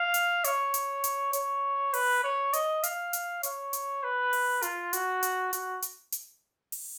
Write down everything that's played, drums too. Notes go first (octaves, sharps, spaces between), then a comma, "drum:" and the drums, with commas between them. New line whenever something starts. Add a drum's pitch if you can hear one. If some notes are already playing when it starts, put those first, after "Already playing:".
Already playing: F5
drum: hi-hat
C#5, drum: hi-hat
drum: hi-hat
drum: hi-hat
C#5, drum: hi-hat
B4, drum: open hi-hat
C#5
D#5, drum: hi-hat
F5, drum: hi-hat
drum: hi-hat
C#5, drum: hi-hat
drum: hi-hat
B4
drum: open hi-hat
F4, drum: hi-hat
F#4, drum: hi-hat
drum: hi-hat
F#4, drum: hi-hat
drum: hi-hat
drum: hi-hat
drum: open hi-hat